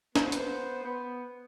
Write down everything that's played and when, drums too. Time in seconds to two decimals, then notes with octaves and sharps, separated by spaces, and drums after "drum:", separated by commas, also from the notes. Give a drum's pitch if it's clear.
0.16 B3 C5, drum: snare
0.32 drum: hi-hat
0.82 B3